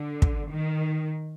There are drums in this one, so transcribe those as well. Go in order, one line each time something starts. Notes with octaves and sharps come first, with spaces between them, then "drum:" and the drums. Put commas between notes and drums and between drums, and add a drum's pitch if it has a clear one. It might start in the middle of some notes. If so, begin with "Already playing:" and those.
Already playing: D3
drum: kick
D#3